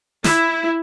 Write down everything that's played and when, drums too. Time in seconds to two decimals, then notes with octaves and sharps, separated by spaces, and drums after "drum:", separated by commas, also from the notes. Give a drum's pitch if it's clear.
0.24 E4, drum: snare